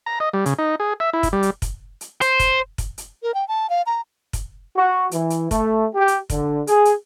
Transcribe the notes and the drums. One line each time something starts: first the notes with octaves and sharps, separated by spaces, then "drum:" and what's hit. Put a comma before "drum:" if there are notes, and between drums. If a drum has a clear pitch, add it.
A#5
D#5
G3
C#3, drum: hi-hat
D#4
G#4
E5
E4
drum: kick, hi-hat
G3
drum: hi-hat
drum: kick, hi-hat
drum: hi-hat
C5, drum: hi-hat
drum: kick, hi-hat
drum: kick, hi-hat
drum: hi-hat
A#4
G5
A5
F5
A#5
drum: kick, hi-hat
F#4
E3, drum: hi-hat
drum: hi-hat
A3, drum: kick, hi-hat
G4
drum: hi-hat
D3, drum: kick, hi-hat
G#4, drum: hi-hat
drum: hi-hat